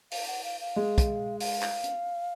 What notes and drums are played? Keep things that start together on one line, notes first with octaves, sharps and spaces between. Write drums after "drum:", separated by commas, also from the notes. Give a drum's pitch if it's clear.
F5, drum: open hi-hat
F#5
F5
F5
G#3
drum: kick, hi-hat
F5, drum: open hi-hat
drum: clap
drum: hi-hat